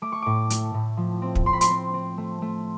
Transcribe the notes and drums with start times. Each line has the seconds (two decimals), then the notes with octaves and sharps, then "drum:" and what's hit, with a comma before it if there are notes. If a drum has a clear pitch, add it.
0.02 A3 D6
0.12 C#6
0.22 A2 D6
0.50 A3, drum: hi-hat
0.74 A2
0.97 F3
1.22 C4
1.35 drum: kick
1.46 C4 C6
1.53 B5
1.61 C6, drum: hi-hat
1.70 C4
1.94 C4
2.18 A3
2.42 A3